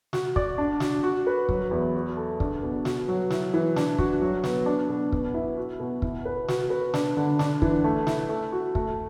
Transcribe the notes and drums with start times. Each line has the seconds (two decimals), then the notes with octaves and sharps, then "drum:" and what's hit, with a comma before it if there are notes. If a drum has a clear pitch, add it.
0.13 F#4, drum: snare
0.36 D5, drum: kick
0.58 D4
0.80 F#4, drum: snare
1.03 F#4
1.27 B4
1.49 F#3, drum: kick
1.71 E2
1.95 F#4
2.16 A4
2.40 D4, drum: kick
2.63 B2
2.85 F#4, drum: snare
3.08 F#3
3.30 E4, drum: snare
3.54 E3
3.76 D4, drum: snare
3.98 F#4, drum: kick
4.21 F#3
4.44 B3, drum: snare
4.66 D4
4.89 B2
5.12 B3, drum: kick
5.34 E4
5.57 F#4
5.80 B2
6.02 E4, drum: kick
6.25 B4
6.48 F#4, drum: snare
6.70 B4
6.94 D4, drum: snare
7.17 D3
7.39 D4, drum: snare
7.62 E3, drum: kick
7.84 A3
8.07 E4, drum: snare
8.29 A3
8.52 F#4
8.75 A3, drum: kick